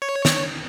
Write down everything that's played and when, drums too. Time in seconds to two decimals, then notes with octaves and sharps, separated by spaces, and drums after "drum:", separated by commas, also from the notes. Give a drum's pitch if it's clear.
0.02 C#5
0.25 drum: snare